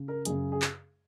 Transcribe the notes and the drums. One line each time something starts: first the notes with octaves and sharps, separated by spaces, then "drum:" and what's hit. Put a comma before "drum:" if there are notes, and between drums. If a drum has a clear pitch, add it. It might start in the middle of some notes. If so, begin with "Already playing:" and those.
Already playing: C#3
A#4
F#2 C#3 G#4, drum: hi-hat
G#4
drum: clap